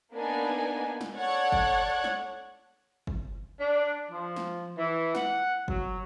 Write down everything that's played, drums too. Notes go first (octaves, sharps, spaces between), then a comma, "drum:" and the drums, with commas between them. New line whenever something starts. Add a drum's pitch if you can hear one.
A#3 B3 D4 D#4 G#5
drum: snare
A4 C#5 D5 F#5 F#6 G#6
drum: kick
drum: snare
drum: kick
D4
F3
drum: snare
E3
F#5, drum: snare
F#3, drum: kick